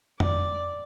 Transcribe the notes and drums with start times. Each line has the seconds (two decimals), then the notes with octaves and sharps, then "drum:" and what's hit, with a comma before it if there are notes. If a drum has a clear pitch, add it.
0.20 D5, drum: tom F2